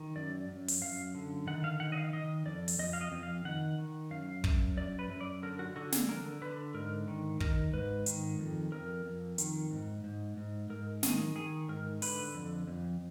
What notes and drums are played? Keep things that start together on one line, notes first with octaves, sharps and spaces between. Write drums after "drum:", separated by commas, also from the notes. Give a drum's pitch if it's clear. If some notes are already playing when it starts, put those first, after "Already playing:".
Already playing: D#3
F#2 D5
F#2
drum: open hi-hat
F#2 F5
D3
D#3 F#5
F5
D#3 F#5
D#5
F5
D#3 D#5
F2 D5
drum: open hi-hat
F2 D#5
F5
D#5
F2
F5
D#3 F#5
D#3
F#2 F5
F#2, drum: kick
F#2 D5
B4
F#2
D5
D3 A#4
F#4
D3 F#4
G#4, drum: snare
D3 A#4
D3 B4
G#2 A#4
D#3
D#3 A#4, drum: kick
G#2 B4
D#3, drum: hi-hat
F2
F2 A#4
F2
D#3, drum: hi-hat
G#2
G#2
G#2
G#2 A#4
D#3 G#4, drum: snare
D#3 G#4
G#2 A#4
D3 B4, drum: open hi-hat
F2
F2